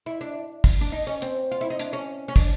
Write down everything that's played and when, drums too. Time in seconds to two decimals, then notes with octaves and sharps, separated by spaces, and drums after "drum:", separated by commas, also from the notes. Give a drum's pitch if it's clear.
0.06 E4
0.21 D4
0.64 drum: kick, open hi-hat
0.81 D4
0.92 D#4
1.07 C#4
1.22 C4, drum: hi-hat
1.51 F4
1.61 E4
1.70 D#4
1.79 D4, drum: hi-hat
1.93 C#4
2.28 C#4
2.36 D4, drum: kick, open hi-hat